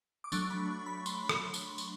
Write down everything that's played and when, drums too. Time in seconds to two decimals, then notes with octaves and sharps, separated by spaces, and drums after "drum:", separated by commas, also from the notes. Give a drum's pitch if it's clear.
0.24 D6
0.32 F#3 A3 D4 C#6, drum: tambourine
0.50 B5
0.86 B5
1.06 C6, drum: tambourine
1.29 drum: rim click
1.54 drum: tambourine
1.78 drum: tambourine